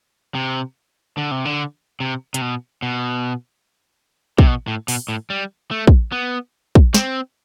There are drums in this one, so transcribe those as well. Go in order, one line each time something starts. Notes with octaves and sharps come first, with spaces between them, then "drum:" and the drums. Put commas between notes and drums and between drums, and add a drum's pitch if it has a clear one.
C3
D3
C3
D3
C3
C3, drum: hi-hat
B2
B2
C3, drum: kick
B2
A2
B2, drum: open hi-hat
A2
G3
A3
drum: kick
B3
drum: kick
C4, drum: snare